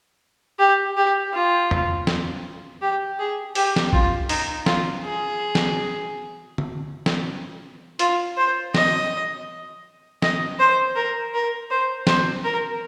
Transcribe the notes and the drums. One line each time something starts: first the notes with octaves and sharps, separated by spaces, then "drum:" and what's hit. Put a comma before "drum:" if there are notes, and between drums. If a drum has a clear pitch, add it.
G4
G4
F4
drum: tom E2
drum: snare
G4
G#4
G4, drum: open hi-hat
drum: snare
F4, drum: kick A1
D#4, drum: open hi-hat
F4, drum: snare
G#4
drum: snare
drum: tom
drum: snare
F4, drum: hi-hat
C5
D#5, drum: snare
D#5, drum: snare
C5
A#4
A#4
C5
C5, drum: snare
A#4